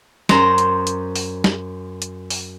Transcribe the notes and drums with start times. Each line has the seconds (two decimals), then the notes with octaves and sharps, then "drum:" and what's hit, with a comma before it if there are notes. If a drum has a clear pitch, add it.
0.29 F#2 C5 A#5, drum: snare
0.58 drum: hi-hat
0.87 drum: hi-hat
1.16 drum: open hi-hat
1.44 drum: snare
2.02 drum: hi-hat
2.30 drum: open hi-hat